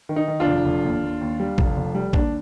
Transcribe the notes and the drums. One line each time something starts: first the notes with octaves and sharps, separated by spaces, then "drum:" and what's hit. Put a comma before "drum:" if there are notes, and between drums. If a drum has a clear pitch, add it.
D#3
D#4
D#3
D4 F4
F1
F1
D#2
D#2
D#2
G3
F1, drum: kick
F1
G3
D#2 D4, drum: kick